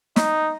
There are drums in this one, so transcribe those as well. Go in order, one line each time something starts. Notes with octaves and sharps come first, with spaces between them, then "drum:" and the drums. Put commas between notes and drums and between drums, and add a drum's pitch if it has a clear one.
D#4, drum: snare